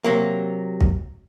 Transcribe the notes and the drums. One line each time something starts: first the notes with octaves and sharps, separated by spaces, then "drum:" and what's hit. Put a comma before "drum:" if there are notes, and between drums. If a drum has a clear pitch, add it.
C3 F#3 A#3
drum: kick